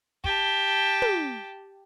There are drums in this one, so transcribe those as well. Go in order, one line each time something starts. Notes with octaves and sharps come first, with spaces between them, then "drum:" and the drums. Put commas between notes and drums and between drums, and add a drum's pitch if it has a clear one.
G4 A5, drum: kick
drum: tom